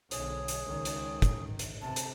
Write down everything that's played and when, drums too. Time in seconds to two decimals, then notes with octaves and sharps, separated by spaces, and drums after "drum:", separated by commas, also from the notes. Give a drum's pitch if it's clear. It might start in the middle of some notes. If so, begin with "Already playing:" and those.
0.11 B1 D3 G#4 C#5, drum: hi-hat
0.48 drum: hi-hat
0.63 C#2 D#3
0.85 drum: hi-hat
1.22 drum: kick, hi-hat
1.59 drum: hi-hat
1.82 C3 A5
1.96 drum: hi-hat